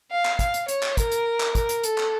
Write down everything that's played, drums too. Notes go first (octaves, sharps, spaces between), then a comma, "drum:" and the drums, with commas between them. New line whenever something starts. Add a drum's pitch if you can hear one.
F5
drum: clap
F5, drum: kick, hi-hat
drum: hi-hat
C#5, drum: hi-hat
drum: clap
A#4, drum: kick, hi-hat
drum: hi-hat
drum: clap
A#4, drum: kick, hi-hat
drum: hi-hat
A4, drum: hi-hat
drum: clap